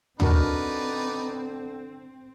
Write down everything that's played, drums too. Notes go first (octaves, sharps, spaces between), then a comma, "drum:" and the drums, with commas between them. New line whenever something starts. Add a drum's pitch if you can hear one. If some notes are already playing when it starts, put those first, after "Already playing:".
D3 C4 D4 D#4 F#4 A#4 B4 D5, drum: tom